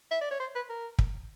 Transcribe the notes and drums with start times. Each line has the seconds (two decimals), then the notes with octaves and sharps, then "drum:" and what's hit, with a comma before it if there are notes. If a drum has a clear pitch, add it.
0.11 E5
0.21 D5
0.31 C#5
0.40 C5
0.55 B4
0.69 A#4
0.99 drum: kick